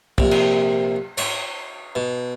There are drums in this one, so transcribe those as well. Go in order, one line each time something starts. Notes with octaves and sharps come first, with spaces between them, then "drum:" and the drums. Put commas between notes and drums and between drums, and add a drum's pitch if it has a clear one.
A#1 C3, drum: kick
drum: cymbal
C#5, drum: cymbal
B2